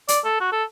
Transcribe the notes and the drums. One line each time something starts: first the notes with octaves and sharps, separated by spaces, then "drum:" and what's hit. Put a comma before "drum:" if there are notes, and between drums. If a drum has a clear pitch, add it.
D5, drum: hi-hat
A4
F#4
A4